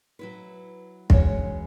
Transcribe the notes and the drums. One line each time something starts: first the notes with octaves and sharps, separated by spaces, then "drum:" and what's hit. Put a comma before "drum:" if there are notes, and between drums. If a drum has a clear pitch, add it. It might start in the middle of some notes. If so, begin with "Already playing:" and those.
F#3 E4 B4
E3 G#3 C#4 F#4 C#5, drum: kick